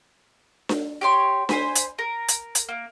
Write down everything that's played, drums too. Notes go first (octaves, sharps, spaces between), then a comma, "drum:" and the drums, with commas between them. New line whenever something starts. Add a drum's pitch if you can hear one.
drum: snare D4
G4 C#5 C6
C5 G#5 B5, drum: snare D4
drum: hi-hat
A#4
drum: hi-hat
drum: hi-hat
A#3